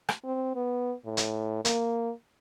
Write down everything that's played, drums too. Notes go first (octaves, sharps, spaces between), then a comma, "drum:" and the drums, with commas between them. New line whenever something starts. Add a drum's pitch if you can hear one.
drum: rim click
C4
B3
A2
drum: hi-hat
A#3, drum: hi-hat